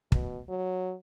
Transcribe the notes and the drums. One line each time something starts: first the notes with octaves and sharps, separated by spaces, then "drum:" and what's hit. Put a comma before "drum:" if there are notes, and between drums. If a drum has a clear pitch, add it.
B2, drum: kick
F#3